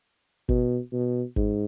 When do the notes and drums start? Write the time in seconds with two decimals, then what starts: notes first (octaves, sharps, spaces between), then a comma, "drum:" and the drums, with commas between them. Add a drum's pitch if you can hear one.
0.49 B2, drum: kick G#1
0.93 B2
1.36 G#2, drum: kick G#1